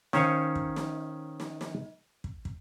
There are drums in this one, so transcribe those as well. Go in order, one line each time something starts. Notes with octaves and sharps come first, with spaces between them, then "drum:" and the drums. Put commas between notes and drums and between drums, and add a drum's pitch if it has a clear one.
D#3 C#4 C5 C#5 F5 G#5, drum: snare
drum: kick
drum: snare
drum: snare
drum: snare
drum: kick
drum: kick